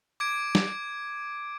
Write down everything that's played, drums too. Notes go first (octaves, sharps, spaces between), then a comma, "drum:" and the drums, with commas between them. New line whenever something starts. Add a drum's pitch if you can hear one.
D6 G#6 D7
drum: snare